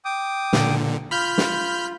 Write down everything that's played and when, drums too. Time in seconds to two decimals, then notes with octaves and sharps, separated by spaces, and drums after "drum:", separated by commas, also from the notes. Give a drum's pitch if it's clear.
0.05 G5 D6 D#6
0.53 A#2 D3, drum: snare
1.11 F4 B5 F6 G6
1.38 drum: snare